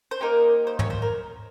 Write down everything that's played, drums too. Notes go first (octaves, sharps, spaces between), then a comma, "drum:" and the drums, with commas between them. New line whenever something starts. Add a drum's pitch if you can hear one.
C5
A#3 D#4 G4 A#4
C5
C#5, drum: tom
C5
A#4